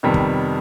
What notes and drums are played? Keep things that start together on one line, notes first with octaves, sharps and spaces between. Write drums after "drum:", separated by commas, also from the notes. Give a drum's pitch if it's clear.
F2 C3 D#3 G3 B3
drum: kick